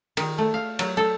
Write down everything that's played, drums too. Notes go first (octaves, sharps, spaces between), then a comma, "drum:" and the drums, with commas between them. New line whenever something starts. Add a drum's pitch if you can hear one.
D#3, drum: cymbal
A3
F5
F#3, drum: cymbal
A4